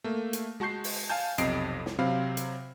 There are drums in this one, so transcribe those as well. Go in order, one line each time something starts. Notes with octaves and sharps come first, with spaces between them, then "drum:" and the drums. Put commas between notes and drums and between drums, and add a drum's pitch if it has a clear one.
A3 A#3
drum: hi-hat
G#3 F#4 A5 C#6 G6 C7
drum: open hi-hat
F5 G#5 A5 G6
B1 F2 C3 D#5 C7 D7, drum: hi-hat
drum: snare
C3 F#3 C4 F5 B5
drum: hi-hat